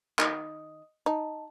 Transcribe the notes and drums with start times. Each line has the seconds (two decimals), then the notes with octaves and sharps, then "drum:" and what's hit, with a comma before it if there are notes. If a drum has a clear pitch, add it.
0.19 D#3 D#5 D#6, drum: clap
1.06 D#4 D#5 A5